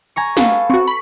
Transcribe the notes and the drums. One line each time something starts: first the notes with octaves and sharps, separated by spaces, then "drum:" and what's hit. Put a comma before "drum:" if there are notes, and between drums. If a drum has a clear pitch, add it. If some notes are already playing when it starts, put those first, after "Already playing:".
G#5 A#5 C#6
A4 B4 F5, drum: snare
C4 F#4 C#6
B5